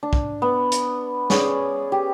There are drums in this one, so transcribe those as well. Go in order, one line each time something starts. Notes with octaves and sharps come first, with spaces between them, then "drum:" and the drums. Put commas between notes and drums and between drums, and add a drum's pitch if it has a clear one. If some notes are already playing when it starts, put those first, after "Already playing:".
D4
drum: kick
B3
drum: hi-hat
C#4 G#4 D5, drum: snare
G4